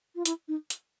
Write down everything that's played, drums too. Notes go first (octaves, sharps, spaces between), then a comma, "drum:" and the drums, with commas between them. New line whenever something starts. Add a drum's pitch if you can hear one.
F4
E4, drum: hi-hat
D#4
drum: hi-hat